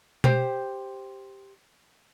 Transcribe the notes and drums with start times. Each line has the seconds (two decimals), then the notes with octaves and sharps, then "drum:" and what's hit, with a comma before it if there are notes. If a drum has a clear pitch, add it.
0.24 G4 C5, drum: tom B2